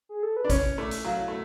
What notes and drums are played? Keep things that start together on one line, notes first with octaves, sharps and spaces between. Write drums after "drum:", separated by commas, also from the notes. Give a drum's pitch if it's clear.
G#4
A4
B4
D4
C#4 C#5, drum: kick A1, hi-hat
A3 D5
drum: hi-hat
F#3 F5
A3